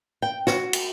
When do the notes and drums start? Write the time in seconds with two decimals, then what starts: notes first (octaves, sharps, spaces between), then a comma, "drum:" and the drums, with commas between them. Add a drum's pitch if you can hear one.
0.22 G5
0.47 F#4, drum: snare
0.73 drum: cymbal